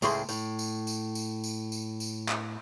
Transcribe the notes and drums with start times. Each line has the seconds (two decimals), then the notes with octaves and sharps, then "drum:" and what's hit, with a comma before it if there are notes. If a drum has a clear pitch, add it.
0.02 C#2 A2 A3 G#4 B5 C6, drum: tambourine
0.29 A2, drum: tambourine
0.59 drum: tambourine
0.87 drum: tambourine
1.15 drum: tambourine
1.44 drum: tambourine
1.72 drum: tambourine
2.00 drum: tambourine
2.29 drum: clap